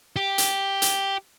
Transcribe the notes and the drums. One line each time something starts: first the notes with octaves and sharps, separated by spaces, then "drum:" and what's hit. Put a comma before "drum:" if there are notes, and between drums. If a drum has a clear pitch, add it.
G4
drum: hi-hat
drum: hi-hat